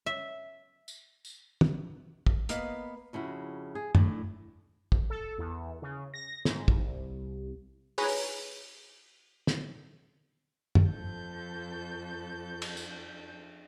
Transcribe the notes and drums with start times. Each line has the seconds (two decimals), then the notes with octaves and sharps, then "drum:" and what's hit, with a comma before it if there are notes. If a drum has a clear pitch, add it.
0.06 E5
0.88 drum: tambourine
1.25 drum: tambourine
1.61 drum: tom
2.26 drum: kick
2.49 A#3 B3 B4 D#5 F5, drum: hi-hat
3.13 F2 C#3 E4 F#4
3.75 G#4
3.95 A2 D4, drum: tom
4.92 drum: kick
5.10 A4
5.38 E2
5.82 C#3
6.14 A#6
6.45 G#2, drum: snare
6.68 C2, drum: kick
7.98 G#4 B4 C#5 G#5 A#5, drum: open hi-hat
9.47 drum: snare
10.75 drum: tom
10.90 F2 A4 G6
12.62 drum: cymbal
12.77 drum: tambourine